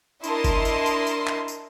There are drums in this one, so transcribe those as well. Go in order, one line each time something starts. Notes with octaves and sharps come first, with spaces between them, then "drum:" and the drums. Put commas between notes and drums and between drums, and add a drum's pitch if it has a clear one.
D4 E4 A#4 D#5 A5 C6, drum: tambourine
drum: kick F#1, tambourine
drum: tambourine
drum: tambourine
drum: tambourine
drum: clap
drum: tambourine